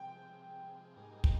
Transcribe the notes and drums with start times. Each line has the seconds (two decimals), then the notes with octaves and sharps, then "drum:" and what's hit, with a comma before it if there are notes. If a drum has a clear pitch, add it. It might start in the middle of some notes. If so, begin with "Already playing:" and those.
Already playing: C3 F3 G#3 G5
0.96 G#2 G3 A#3 D#4 G#4
1.24 drum: kick